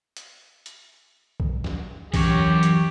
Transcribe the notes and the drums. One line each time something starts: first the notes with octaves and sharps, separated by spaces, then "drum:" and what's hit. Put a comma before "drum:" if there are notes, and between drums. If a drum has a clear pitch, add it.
drum: hi-hat
drum: hi-hat
drum: kick B1
drum: snare
F#2 E3 G4 C#5, drum: kick B1, open hi-hat
drum: hi-hat